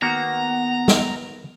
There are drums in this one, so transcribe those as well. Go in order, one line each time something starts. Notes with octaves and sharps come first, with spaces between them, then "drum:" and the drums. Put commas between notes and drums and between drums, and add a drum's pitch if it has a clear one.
D#3 A#3 B3 F#4 F#5 A#5
drum: snare